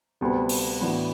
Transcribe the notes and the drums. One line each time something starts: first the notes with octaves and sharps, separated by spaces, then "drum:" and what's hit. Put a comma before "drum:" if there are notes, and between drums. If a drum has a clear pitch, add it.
D2 C3 G3 B3
drum: open hi-hat
A2 E3 B3 D4 F#4